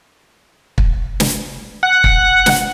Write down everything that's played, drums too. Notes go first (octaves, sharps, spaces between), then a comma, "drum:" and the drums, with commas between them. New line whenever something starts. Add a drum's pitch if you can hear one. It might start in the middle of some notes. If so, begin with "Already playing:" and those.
drum: kick
drum: snare
F#5
drum: kick
drum: snare